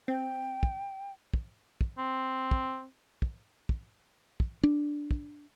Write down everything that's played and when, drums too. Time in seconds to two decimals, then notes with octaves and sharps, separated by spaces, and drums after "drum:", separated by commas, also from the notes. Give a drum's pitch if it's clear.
0.08 C4 G5
0.63 drum: kick
1.34 drum: kick
1.81 drum: kick
1.98 C4
2.51 drum: kick
3.22 drum: kick
3.69 drum: kick
4.40 drum: kick
4.63 D4
5.11 drum: kick